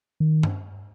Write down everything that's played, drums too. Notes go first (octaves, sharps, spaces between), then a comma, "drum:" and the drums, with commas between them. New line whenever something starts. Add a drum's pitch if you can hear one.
D#3
drum: tom G2